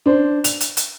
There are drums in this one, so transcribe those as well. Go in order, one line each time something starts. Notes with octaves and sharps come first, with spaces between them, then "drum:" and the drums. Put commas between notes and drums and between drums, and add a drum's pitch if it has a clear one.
D4 C5
F7, drum: hi-hat
drum: hi-hat
drum: hi-hat